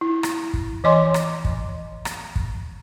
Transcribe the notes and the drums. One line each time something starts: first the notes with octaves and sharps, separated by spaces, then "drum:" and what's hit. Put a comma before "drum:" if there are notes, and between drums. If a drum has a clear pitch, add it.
E4
drum: rim click
drum: kick
E3 C#5 D#5 G#5 C6 D6
drum: rim click
drum: kick
drum: rim click
drum: kick